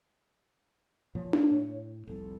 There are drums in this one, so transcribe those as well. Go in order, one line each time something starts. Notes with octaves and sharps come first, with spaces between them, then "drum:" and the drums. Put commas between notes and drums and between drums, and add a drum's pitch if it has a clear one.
A#2 F3 C#5
A#3 D4, drum: tom D4
A2
F1 C2 A4